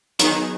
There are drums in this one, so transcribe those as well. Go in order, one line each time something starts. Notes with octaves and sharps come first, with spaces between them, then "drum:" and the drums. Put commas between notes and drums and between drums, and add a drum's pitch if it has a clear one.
D#3 F#3 B3 D#4 G#4, drum: hi-hat